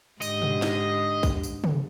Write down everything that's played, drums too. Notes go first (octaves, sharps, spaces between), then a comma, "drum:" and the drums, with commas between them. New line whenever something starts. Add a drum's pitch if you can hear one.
G#2 D3 G4 D#5, drum: tambourine
drum: tom
drum: snare
drum: kick, tambourine
drum: tambourine
drum: tom